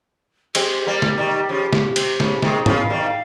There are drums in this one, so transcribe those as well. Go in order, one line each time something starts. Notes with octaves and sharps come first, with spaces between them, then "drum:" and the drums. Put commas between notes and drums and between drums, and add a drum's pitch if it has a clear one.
G#3 C4 G4, drum: cymbal
G3 A#3
drum: snare
D#3 G3
C#3 F3
drum: snare
C3, drum: cymbal
C#3, drum: snare
C3 D#3 G#4, drum: snare
C#3 F3, drum: tom
F5
D#3 G3
F5